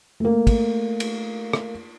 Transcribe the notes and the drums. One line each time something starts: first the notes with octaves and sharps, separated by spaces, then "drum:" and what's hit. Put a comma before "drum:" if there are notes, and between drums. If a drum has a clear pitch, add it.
A3 A#3
drum: kick, cymbal
drum: cymbal
drum: rim click